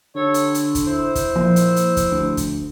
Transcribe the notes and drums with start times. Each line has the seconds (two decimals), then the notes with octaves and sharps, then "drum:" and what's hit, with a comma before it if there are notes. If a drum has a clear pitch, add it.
0.15 D3 G4 A4 C#5
0.34 drum: hi-hat
0.55 drum: hi-hat
0.75 drum: kick, hi-hat
0.85 E4 C5
1.15 drum: kick, hi-hat
1.36 A#2 F3
1.56 drum: hi-hat
1.76 drum: hi-hat
1.97 drum: kick, hi-hat
2.11 D2
2.37 drum: kick, hi-hat